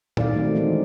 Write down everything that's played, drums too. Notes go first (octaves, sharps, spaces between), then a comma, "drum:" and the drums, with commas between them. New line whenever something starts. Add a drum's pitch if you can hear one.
D#3 D5 F5, drum: tom A#2
F#3 A3 C4
E3 G#3 C4 C#4 D#4